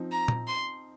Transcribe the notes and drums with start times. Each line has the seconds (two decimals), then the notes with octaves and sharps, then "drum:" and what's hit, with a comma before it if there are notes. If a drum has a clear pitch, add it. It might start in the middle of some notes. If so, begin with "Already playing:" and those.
Already playing: F3 C4 D#4
0.12 A#5
0.28 drum: tom A#2
0.47 C6